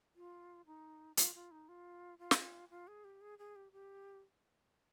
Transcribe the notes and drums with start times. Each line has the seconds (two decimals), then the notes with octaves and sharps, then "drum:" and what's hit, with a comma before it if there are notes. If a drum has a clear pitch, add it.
0.15 F4
0.66 D#4
1.17 F4, drum: hi-hat
1.35 F4
1.51 D#4
1.68 F4
2.19 F4
2.31 drum: snare
2.70 F4
2.87 G#4
3.04 G4
3.21 G#4
3.38 G#4
3.56 G4
3.72 G4